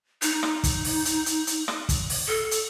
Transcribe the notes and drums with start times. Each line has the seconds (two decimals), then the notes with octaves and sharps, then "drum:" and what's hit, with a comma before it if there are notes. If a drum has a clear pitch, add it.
0.22 D#4, drum: hi-hat
0.43 drum: rim click
0.64 drum: kick, hi-hat
0.84 drum: open hi-hat
1.05 drum: hi-hat
1.26 drum: hi-hat
1.47 drum: hi-hat
1.68 drum: rim click
1.89 drum: kick, hi-hat
2.10 drum: open hi-hat
2.28 A4
2.51 drum: hi-hat